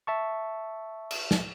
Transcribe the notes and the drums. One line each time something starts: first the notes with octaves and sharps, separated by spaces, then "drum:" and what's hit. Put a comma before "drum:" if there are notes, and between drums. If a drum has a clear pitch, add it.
E5 A5 C#6
drum: cymbal
drum: snare